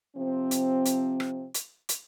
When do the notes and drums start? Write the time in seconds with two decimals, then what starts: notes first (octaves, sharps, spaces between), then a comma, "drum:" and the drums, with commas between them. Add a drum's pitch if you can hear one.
0.17 C3 F3 C4
0.51 drum: hi-hat
0.85 drum: hi-hat
1.20 drum: rim click
1.54 drum: hi-hat
1.89 drum: hi-hat